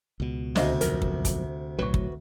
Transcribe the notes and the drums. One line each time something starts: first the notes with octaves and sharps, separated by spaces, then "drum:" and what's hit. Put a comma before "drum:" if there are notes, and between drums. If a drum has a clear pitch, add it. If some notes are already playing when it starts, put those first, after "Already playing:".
C#2 B2
D2 C3 D4 D#5 F5, drum: snare
B1 F2 A#4, drum: hi-hat
drum: kick
drum: kick, hi-hat
B1 A2 F#3 F#4 B4
drum: kick